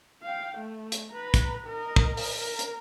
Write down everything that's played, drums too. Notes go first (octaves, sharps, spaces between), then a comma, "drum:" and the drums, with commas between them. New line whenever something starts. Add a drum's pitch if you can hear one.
F5 G5
A3
drum: hi-hat
B4 A#5
drum: kick, hi-hat
A#4 D#5
drum: kick
drum: open hi-hat
A#4
drum: hi-hat